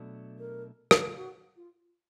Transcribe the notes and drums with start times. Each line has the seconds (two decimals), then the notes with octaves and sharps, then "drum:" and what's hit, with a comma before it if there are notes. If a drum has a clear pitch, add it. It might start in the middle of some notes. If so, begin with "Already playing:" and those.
Already playing: B2 F#3 A3 D4
0.39 A#4
0.91 drum: rim click
1.05 F4
1.16 F#4
1.56 F4